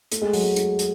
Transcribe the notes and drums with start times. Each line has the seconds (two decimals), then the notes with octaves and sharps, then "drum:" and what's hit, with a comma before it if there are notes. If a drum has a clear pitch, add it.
0.12 A3, drum: hi-hat
0.22 G#3
0.33 F#3, drum: open hi-hat
0.44 G#3
0.56 drum: hi-hat
0.79 drum: hi-hat